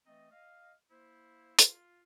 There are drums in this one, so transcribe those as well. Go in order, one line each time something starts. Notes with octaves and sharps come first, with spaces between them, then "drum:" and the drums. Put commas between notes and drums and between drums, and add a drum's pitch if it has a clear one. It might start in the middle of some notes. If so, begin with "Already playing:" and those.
E3 A3 C4 D#5
D#5 F5
A#3 E4 C5
F4, drum: hi-hat